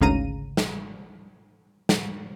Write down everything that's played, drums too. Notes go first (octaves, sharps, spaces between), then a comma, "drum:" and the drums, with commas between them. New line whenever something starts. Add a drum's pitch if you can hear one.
G#1 D2 C#3 F5 A#5 D#7
drum: snare
drum: snare